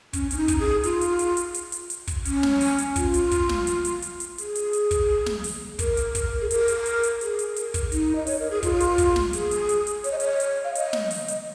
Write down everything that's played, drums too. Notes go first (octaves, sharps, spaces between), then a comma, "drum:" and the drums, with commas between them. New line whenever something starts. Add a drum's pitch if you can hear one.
C#4, drum: kick, hi-hat
C#4, drum: hi-hat
D#4
drum: kick, hi-hat
G#4
F4, drum: hi-hat
drum: hi-hat
drum: hi-hat
drum: hi-hat
drum: hi-hat
drum: hi-hat
drum: hi-hat
drum: kick, hi-hat
C#4, drum: hi-hat
drum: snare
drum: open hi-hat
drum: hi-hat
F4, drum: kick, hi-hat
drum: hi-hat
drum: kick, hi-hat
drum: snare
drum: hi-hat
drum: hi-hat
drum: hi-hat
drum: hi-hat
G#4, drum: hi-hat
drum: hi-hat
drum: hi-hat
drum: kick, hi-hat
drum: snare
drum: open hi-hat
A#4, drum: kick, hi-hat
drum: hi-hat
drum: kick, hi-hat
G#4
A#4, drum: hi-hat
drum: hi-hat
drum: hi-hat
drum: hi-hat
G#4, drum: hi-hat
drum: hi-hat
A#4, drum: hi-hat
drum: kick, hi-hat
D#4, drum: hi-hat
D#5
C#5, drum: open hi-hat
A#4
G#4
F4, drum: kick, hi-hat
drum: hi-hat
drum: kick, hi-hat
drum: snare
G#4, drum: hi-hat
drum: hi-hat
drum: hi-hat
drum: hi-hat
C#5, drum: hi-hat
D#5
C#5, drum: hi-hat
drum: hi-hat
F5
D#5, drum: hi-hat
drum: snare
drum: open hi-hat
drum: hi-hat